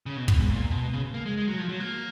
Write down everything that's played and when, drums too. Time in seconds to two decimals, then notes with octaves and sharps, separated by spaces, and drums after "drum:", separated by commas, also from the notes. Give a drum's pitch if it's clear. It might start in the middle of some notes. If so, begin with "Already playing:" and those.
0.06 C#3
0.17 B2
0.28 B2, drum: kick
0.38 G#2
0.50 A#2
0.71 B2
0.93 C#3
1.14 A#3
1.26 G#3
1.37 G#3
1.48 F#3
1.58 F3
1.69 F#3
1.80 A#3